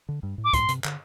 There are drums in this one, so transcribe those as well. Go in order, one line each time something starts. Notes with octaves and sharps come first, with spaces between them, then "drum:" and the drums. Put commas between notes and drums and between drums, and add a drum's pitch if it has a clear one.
D3
G2
A2
D6
A2 C6, drum: kick, hi-hat
C3, drum: hi-hat
D3, drum: clap